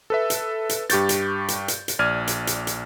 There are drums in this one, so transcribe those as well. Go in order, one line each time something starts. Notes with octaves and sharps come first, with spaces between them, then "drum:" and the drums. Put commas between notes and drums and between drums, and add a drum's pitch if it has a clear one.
A4 B4 E5
drum: hi-hat
drum: hi-hat
G2 G4 C#6 G6 A6, drum: hi-hat
drum: hi-hat
drum: hi-hat
drum: hi-hat
drum: hi-hat
A#1 D5 F6 G#6 D#7
drum: hi-hat
drum: hi-hat
drum: hi-hat